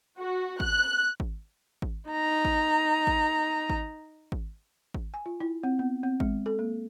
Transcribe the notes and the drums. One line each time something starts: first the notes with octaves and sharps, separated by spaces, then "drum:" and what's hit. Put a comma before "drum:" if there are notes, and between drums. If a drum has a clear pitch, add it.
F#4
F#6, drum: kick G#1
drum: kick G#1
drum: kick G#1
D#4 A#5
drum: kick G#1
drum: kick G#1
drum: kick G#1
drum: kick G#1
drum: kick G#1
G#5
F4
E4
C4
B3
C4
G#3, drum: kick G#1
A4
A#3